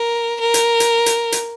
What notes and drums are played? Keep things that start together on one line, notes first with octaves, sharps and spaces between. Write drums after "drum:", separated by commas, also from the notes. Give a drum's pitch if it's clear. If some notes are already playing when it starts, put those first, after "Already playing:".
Already playing: A#4
A#4
drum: hi-hat
drum: hi-hat
drum: hi-hat
drum: hi-hat